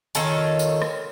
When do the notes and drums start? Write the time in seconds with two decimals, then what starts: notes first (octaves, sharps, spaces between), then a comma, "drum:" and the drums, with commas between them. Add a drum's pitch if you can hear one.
0.15 D#3 F4 A4 C#5, drum: tambourine
0.59 drum: tambourine
0.82 drum: rim click